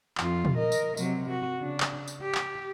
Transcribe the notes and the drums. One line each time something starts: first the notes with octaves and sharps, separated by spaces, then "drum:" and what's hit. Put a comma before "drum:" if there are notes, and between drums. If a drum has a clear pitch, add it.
F2 F4, drum: clap
drum: tom
A#4 D#5
drum: tambourine
C3 F#3, drum: tambourine
F#4
C#3 D4
drum: clap
drum: tambourine
G4
drum: clap